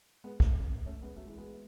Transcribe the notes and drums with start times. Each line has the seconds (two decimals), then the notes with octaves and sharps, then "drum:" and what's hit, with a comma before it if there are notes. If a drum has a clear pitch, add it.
0.24 G#3 B3
0.40 A3 C#4, drum: kick
0.86 A3 C#4
1.02 G#3 B3
1.17 F#3 A3
1.27 E3 G#3
1.38 G#3 B3